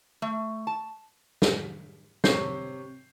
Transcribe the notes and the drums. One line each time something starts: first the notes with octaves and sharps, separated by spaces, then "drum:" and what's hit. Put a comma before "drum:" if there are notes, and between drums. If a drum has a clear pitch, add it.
A3
A5
drum: snare
C3 C#5 G6 C7, drum: snare